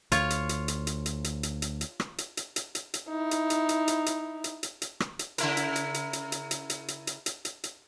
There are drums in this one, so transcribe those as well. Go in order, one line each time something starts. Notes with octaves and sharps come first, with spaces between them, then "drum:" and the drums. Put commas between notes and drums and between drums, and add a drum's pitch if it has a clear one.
D2 F4 C#5, drum: hi-hat
drum: hi-hat
drum: hi-hat
drum: hi-hat
drum: hi-hat
drum: hi-hat
drum: hi-hat
drum: hi-hat
drum: hi-hat
drum: hi-hat
drum: rim click
drum: hi-hat
drum: hi-hat
drum: hi-hat
drum: hi-hat
drum: hi-hat
D#4 E4
drum: hi-hat
drum: hi-hat
drum: hi-hat
drum: hi-hat
drum: hi-hat
drum: hi-hat
drum: hi-hat
drum: hi-hat
drum: rim click
drum: hi-hat
C#3 E4 A#4, drum: hi-hat
drum: hi-hat
drum: hi-hat
drum: hi-hat
drum: hi-hat
drum: hi-hat
drum: hi-hat
drum: hi-hat
drum: hi-hat
drum: hi-hat
drum: hi-hat
drum: hi-hat
drum: hi-hat